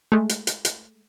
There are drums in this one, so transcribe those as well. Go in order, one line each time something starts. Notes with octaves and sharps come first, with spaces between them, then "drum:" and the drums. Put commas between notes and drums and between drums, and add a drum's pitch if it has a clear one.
G#3 A3
drum: hi-hat
drum: hi-hat
drum: hi-hat